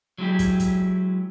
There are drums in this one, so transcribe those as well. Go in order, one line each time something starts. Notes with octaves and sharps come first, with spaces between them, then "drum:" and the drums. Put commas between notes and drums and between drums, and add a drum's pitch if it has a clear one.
F#3 G#3 E4 G4
drum: kick, hi-hat
drum: kick, hi-hat